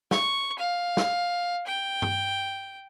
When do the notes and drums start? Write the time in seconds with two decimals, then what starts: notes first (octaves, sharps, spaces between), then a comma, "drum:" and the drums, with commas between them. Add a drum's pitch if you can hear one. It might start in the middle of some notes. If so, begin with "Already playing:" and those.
0.11 C#6, drum: snare
0.59 F5
0.97 drum: snare
1.67 G5
2.02 drum: tom G2